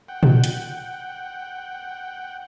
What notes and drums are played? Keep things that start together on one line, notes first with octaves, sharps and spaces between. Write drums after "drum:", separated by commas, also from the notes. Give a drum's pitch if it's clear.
F#5 G5
drum: tom A#2
drum: hi-hat